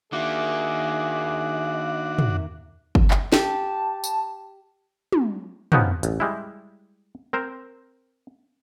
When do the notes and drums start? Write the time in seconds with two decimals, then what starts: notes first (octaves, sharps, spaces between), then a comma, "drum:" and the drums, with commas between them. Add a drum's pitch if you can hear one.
0.12 D#3 A#3 D4 F#4 G#4 E5
2.19 drum: tom
2.95 drum: kick G1
3.11 drum: clap
3.32 G4 A5, drum: snare
4.04 drum: tambourine
5.12 drum: tom
5.72 F3 B3 C#4 D#4 F#4 G4, drum: tom
6.03 A1, drum: hi-hat
6.20 G3 G#3 E4
7.33 C4 A#4 C5